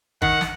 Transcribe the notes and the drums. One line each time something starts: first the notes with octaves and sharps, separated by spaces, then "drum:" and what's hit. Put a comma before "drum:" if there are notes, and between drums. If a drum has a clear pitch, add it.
D#3 F#5, drum: kick G#1
drum: snare